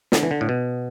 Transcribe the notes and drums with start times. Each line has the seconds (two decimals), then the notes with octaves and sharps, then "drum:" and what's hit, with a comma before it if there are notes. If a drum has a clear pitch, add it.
0.12 D3, drum: snare
0.23 E3
0.31 D3
0.41 A2
0.49 B2